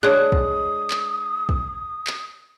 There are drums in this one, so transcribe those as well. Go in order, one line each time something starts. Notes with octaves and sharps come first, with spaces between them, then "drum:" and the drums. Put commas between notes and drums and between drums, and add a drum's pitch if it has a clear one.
G#3 D4 C#5 D#6 F#6
drum: kick
drum: clap
drum: kick
drum: clap